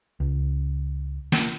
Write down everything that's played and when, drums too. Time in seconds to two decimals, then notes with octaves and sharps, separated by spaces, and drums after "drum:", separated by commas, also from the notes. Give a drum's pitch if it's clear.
0.20 C#2
1.32 drum: snare